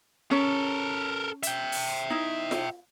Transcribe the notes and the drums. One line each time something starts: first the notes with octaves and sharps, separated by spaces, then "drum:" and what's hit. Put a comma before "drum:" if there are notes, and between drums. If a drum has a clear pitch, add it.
C#4 A4 A#4
E5 G5, drum: hi-hat
drum: open hi-hat
D#4 E4
drum: snare F4